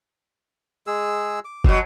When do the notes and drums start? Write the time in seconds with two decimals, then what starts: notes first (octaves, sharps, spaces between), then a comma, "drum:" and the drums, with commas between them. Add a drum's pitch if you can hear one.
0.87 G#3 G#4 E6
1.45 D6
1.64 B2 F#3, drum: kick